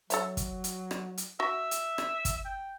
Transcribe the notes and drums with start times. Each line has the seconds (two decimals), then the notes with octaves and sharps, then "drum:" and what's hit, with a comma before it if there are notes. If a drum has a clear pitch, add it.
0.10 F#3 A4 C#5 E5, drum: hi-hat
0.37 drum: kick, hi-hat
0.64 drum: hi-hat
0.91 drum: rim click
1.18 drum: hi-hat
1.40 F#4 E5
1.71 drum: hi-hat
1.98 drum: rim click
2.25 drum: kick, hi-hat
2.45 G5